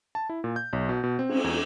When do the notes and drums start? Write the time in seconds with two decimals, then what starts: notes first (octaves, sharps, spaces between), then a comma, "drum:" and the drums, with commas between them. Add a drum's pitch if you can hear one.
0.15 A5
0.29 E4
0.44 A#2
0.56 G6
0.73 B1
0.89 B2
1.04 B2
1.19 C4
1.29 drum: cymbal
1.44 E2